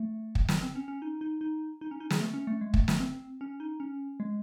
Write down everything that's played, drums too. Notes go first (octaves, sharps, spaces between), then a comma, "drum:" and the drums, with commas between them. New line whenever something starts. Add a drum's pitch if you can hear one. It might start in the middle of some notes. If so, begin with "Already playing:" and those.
Already playing: A3
drum: kick
drum: snare
C4
C#4
C#4
D#4
D#4
D#4
D#4
C#4
D#4
G#4, drum: snare
A3
C#4
A3
G#3
A3, drum: kick
A3, drum: snare
C4
C#4
D#4
C#4
G#3